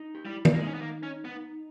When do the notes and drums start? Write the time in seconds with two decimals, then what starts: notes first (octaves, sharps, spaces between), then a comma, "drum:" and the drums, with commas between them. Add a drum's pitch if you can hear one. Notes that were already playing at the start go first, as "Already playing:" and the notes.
Already playing: D#4
0.15 G4
0.25 G3 E4
0.45 drum: tom D#3
0.54 A#3
0.58 G#3 D#4
0.67 C#4
0.74 B3
0.81 A#3
1.03 C#4
1.25 B3